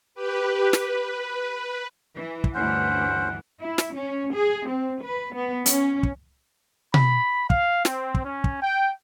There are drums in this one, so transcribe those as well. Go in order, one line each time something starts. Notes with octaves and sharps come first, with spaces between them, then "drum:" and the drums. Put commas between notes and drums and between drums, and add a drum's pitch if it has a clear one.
G4 B4
B4, drum: snare
E3
drum: kick
D2 G2 E3 C#4 C5 F#5
E4
drum: snare
C#4
G#4
C4
B4
B3
C#4, drum: hi-hat
drum: kick
B5, drum: tom B2
F5, drum: kick
C4, drum: snare
drum: kick
C#4
drum: kick
G5